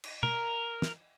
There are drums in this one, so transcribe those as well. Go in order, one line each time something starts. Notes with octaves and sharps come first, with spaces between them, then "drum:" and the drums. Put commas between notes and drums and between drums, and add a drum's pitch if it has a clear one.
drum: cymbal
A#4, drum: tom
drum: snare